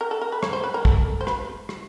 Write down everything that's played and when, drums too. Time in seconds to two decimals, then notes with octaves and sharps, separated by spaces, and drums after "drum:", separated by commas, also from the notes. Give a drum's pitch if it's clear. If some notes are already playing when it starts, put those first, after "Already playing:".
0.01 A#4
0.11 A4
0.21 A#4
0.32 B4
0.43 C#5, drum: rim click
0.53 C5
0.64 B4
0.74 A#4
0.85 A4, drum: kick
1.21 C5
1.27 B4, drum: rim click
1.69 drum: rim click